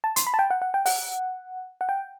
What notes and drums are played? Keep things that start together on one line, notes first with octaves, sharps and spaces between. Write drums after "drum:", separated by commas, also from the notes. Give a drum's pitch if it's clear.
A5
C6, drum: hi-hat
B5
A5
G5
F#5
F#5
G5
F#5, drum: open hi-hat
F#5
G5